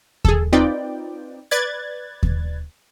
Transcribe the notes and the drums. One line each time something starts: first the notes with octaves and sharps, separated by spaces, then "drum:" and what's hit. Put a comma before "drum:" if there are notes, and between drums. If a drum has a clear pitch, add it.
G#4 A4, drum: kick D#2
C4 D#4 F4 B4 D5 G5
B4 D5 F#6 G#6 A6
drum: kick D#2